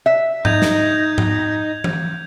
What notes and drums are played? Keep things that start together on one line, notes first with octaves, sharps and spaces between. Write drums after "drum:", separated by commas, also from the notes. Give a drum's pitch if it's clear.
E5
D#4 G6 G#6 F7, drum: tom G#2
drum: snare
drum: tom G#2
drum: tom E3